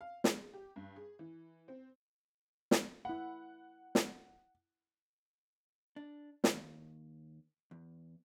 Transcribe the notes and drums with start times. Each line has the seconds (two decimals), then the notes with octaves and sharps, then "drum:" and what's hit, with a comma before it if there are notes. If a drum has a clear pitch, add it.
0.01 F5
0.24 G#3, drum: snare
0.54 G4
0.76 G2
0.96 G#4
1.19 E3
1.68 C4
2.71 drum: snare
3.05 E4 F#5 B5
3.95 drum: snare
5.96 D4
6.44 D#2, drum: snare
7.71 E2